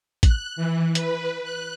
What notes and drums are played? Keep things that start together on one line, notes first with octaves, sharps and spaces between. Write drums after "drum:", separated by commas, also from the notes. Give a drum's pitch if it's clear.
F#6, drum: kick, hi-hat
E3
B4, drum: hi-hat
F#6